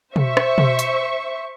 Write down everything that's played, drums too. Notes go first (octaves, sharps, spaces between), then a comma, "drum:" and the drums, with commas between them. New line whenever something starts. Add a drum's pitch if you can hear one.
C5 E5 C#6, drum: tom B2
drum: rim click
drum: tom B2
drum: hi-hat